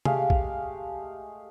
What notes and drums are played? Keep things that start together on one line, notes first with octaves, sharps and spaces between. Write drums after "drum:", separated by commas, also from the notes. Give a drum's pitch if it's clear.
G#3 A3 G4 F5, drum: tom C3
drum: kick A#1